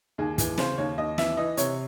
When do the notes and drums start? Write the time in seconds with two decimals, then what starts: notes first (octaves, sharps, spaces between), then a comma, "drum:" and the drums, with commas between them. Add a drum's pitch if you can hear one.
0.18 D#2 G#4
0.38 E3 G#4, drum: kick, hi-hat
0.58 C#3 C5, drum: snare
0.78 D#2 C#5
0.98 D#2 D#5
1.18 E3 E5, drum: snare
1.37 E3 D#5
1.57 C3 C#5, drum: hi-hat